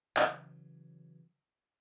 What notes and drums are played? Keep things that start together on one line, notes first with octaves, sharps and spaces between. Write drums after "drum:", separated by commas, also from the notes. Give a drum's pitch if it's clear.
C#3 E3 F#3, drum: clap